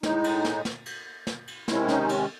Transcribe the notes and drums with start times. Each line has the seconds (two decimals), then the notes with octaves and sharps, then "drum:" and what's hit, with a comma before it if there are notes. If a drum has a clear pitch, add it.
0.03 A2 G#3 D#4, drum: snare
0.24 drum: cymbal
0.45 drum: snare
0.65 drum: snare
0.86 drum: cymbal
1.27 drum: snare
1.47 drum: cymbal
1.68 C3 D#3 G#3 C#4 E4, drum: snare
1.88 D#4, drum: snare
2.09 drum: cymbal